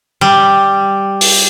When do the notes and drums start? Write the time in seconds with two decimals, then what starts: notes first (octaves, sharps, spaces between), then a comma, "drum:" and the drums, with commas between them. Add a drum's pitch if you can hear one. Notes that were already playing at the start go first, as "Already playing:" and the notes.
0.21 G3
1.21 drum: open hi-hat